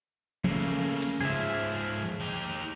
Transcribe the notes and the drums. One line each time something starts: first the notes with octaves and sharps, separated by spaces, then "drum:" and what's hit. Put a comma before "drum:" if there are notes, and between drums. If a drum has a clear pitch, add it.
C#3 A3 A#3, drum: tom E3
drum: cymbal
G#2 F3 G#4 E5, drum: hi-hat
D#4 G4